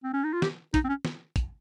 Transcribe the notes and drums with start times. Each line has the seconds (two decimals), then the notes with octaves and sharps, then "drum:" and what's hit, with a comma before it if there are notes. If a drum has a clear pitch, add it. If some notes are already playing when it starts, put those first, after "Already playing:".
0.04 C4
0.14 C#4
0.24 D#4
0.33 F4
0.42 G4, drum: snare
0.74 D#4, drum: kick, hi-hat
0.84 C4
0.89 C#4
1.05 drum: snare
1.36 drum: kick, hi-hat